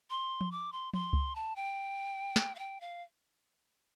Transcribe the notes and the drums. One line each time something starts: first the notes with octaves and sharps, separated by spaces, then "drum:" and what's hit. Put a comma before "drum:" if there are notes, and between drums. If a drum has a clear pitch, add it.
C6
drum: tom F3
D6
C6
C6, drum: tom F3
drum: kick C#2
A5
G5
drum: snare
F5
G5
F5